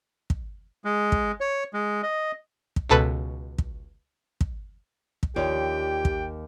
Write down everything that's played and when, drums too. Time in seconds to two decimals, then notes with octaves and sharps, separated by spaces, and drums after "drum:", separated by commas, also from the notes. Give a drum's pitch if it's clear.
0.30 drum: kick
0.85 G#3
1.12 drum: kick
1.41 C#5
1.74 G#3
2.03 D#5
2.76 drum: kick
2.89 C#2 B2 A4 B4
3.58 drum: kick
4.41 drum: kick
5.23 drum: kick
5.36 D#2 F4 G4 C#5 D5 G5
6.05 drum: kick